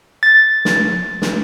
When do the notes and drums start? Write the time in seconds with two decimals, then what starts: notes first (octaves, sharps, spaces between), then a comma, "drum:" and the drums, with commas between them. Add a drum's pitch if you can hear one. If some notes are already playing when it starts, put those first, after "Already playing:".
0.23 A6
0.65 drum: snare
1.22 drum: snare